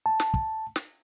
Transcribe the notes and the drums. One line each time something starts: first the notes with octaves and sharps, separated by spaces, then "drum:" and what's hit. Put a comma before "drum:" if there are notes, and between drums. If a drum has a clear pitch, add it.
A5
drum: snare
drum: kick
drum: snare